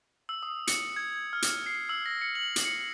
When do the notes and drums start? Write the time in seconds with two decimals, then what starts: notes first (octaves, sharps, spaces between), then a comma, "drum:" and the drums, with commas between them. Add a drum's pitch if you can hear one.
0.29 E6
0.43 D#6
0.67 C#7, drum: hi-hat
0.96 G#6
1.33 F6
1.42 drum: hi-hat
1.66 C7
1.89 E6
2.06 A#6
2.21 C#7
2.35 F#7
2.56 drum: hi-hat
2.65 C#7